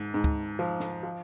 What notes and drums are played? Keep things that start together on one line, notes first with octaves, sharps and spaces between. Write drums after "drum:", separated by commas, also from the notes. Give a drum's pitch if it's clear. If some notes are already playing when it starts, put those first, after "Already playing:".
Already playing: G#2
G#2
drum: kick
F3
drum: snare
F3